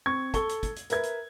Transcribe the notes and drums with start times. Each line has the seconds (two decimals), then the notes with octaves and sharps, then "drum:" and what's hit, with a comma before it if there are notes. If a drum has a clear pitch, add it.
0.06 C4 C#6 G#6
0.34 A4 C#6 G7, drum: kick, hi-hat
0.49 drum: hi-hat
0.63 drum: kick, hi-hat
0.76 drum: hi-hat
0.90 A#4 B4 E5 G#6, drum: hi-hat
1.03 drum: hi-hat